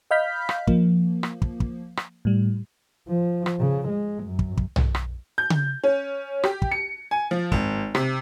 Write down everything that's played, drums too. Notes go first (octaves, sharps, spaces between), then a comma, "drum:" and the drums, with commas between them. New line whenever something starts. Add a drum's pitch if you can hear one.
D#5 F5 B5 F6 G6 B6
drum: rim click
F3 A#3, drum: kick
drum: rim click
drum: kick
drum: kick
drum: rim click
A2 G3
F3
drum: rim click
C#3
G#3
F#2
drum: kick
drum: kick
drum: tom B1
drum: rim click
G6
drum: tom C#3
C#4
G4, drum: rim click
drum: kick
C#7
G#5
F3
G#1, drum: kick
C3, drum: rim click